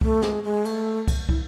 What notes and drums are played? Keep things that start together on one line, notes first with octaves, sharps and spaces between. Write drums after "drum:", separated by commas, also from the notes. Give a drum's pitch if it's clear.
A3, drum: kick
G#3, drum: snare
G#3
A3, drum: cymbal
drum: kick, cymbal
E4, drum: kick